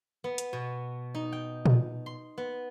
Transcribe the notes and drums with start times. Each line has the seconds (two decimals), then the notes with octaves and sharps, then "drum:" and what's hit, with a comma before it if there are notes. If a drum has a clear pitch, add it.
0.24 B3
0.38 drum: hi-hat
0.53 B2
1.15 D#4
1.32 G5
1.66 drum: tom A#2
2.06 C6
2.38 B3